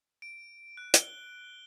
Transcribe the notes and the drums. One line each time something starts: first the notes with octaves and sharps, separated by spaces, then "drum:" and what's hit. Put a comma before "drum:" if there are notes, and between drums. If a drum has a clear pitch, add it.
D7
F#6
G7, drum: hi-hat